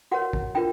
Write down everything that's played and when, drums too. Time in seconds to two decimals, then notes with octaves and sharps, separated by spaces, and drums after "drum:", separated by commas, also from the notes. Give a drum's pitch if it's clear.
0.11 F#4 A#4 C#5 F#5
0.33 drum: kick
0.55 D4 F4 A#4 G5